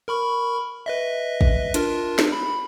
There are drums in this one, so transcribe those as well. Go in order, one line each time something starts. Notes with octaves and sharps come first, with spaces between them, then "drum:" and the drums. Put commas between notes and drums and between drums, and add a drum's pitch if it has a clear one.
A#4 B5 C#6
B4 D#5 E5
drum: kick
D4 F4 A#4, drum: hi-hat
drum: snare
B5